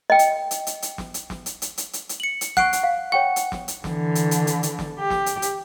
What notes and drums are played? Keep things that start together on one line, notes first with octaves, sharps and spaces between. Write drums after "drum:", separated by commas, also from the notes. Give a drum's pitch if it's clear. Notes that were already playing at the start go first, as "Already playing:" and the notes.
D#5 G5
drum: hi-hat
drum: hi-hat
drum: hi-hat
drum: hi-hat
drum: snare
drum: hi-hat
drum: snare
drum: hi-hat
drum: hi-hat
drum: hi-hat
drum: hi-hat
drum: hi-hat
C#7 F#7
drum: hi-hat
F#5 C#6 F#6 C7 D7, drum: snare
drum: hi-hat
F5
C#5 F#5 G5 C#6
drum: hi-hat
drum: snare
drum: hi-hat
D3 E3, drum: snare
drum: hi-hat
drum: hi-hat
drum: hi-hat
drum: hi-hat
drum: snare
G4
drum: snare
drum: hi-hat
drum: hi-hat